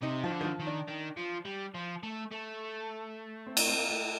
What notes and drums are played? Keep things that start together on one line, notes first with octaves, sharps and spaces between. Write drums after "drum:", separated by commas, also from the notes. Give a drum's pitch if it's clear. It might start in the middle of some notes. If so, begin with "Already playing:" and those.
C3 D#4
D#3 F3
D3
D#3
F3
D#3
D4
D#3
F3
G3
F3
A3
A3
C4
D4, drum: cymbal
C4
A#3
A3